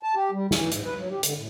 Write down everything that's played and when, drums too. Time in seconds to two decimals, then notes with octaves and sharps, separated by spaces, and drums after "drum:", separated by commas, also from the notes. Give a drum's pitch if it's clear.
0.03 A5
0.15 G4
0.32 G3
0.51 E3, drum: snare
0.71 G#2, drum: hi-hat
0.84 B4
0.98 F#3
1.10 G4
1.23 D3, drum: hi-hat
1.36 A2